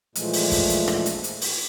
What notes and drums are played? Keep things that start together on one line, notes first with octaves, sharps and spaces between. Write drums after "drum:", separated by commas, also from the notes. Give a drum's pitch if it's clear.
A#2 E3 F3 G#3 A3, drum: hi-hat
drum: open hi-hat
drum: kick, open hi-hat
drum: hi-hat
drum: rim click
drum: hi-hat
drum: hi-hat
drum: open hi-hat